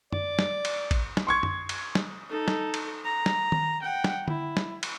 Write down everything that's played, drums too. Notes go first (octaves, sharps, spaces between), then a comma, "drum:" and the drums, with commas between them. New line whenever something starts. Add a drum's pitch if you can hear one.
D5, drum: tom F#2
drum: snare
drum: cymbal
drum: kick A1, cymbal
drum: snare
C6 C#6 G#6
drum: tom F#2
drum: cymbal
drum: snare
D#4 A4
drum: snare
drum: cymbal
A#5
drum: snare
drum: tom D#3
F#5 G5
drum: snare
E4, drum: tom D3
drum: snare
drum: cymbal